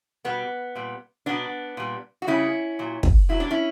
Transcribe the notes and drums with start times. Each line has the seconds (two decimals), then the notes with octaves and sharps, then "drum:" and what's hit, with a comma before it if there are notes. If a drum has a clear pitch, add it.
0.25 B2 G3 B3
0.75 A#2 G3
1.26 B2 F#3 B3 D4
1.77 A#2 G3
2.22 F#4
2.27 C#3 G3 C#4 E4
2.79 A#2 F#3
3.03 drum: kick
3.29 B2 F#3 E4
3.40 D4
3.51 C#4 E4